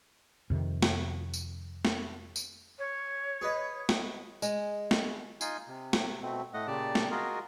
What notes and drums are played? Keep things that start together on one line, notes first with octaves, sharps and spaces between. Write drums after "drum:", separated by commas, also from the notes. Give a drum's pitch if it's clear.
F2 C3 D#3
drum: snare
drum: tambourine
drum: snare
drum: tambourine
C#5
G#4 B4 D#5
drum: snare
G#3, drum: tambourine
drum: snare
D#4 F4 G#5 C6, drum: tambourine
C3
drum: snare
B2 A3 C4
A2 A3 D#5 F#5
A#2 C#3 G4 D5 A5
drum: snare
F4 F#4 G#4 A#4 D#5